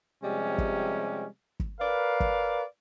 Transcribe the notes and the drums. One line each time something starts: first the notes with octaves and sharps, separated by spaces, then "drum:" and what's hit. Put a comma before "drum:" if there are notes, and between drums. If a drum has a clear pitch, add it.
C3 F3 G3 G#3 C#4
drum: kick
drum: kick
A#4 B4 D5 F5
drum: kick